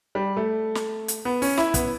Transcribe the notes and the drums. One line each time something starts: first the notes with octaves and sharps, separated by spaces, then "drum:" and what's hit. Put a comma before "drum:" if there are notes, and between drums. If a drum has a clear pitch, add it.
G3
A3
drum: snare
drum: hi-hat
B3
C#4, drum: open hi-hat
E4, drum: snare
B3, drum: kick, hi-hat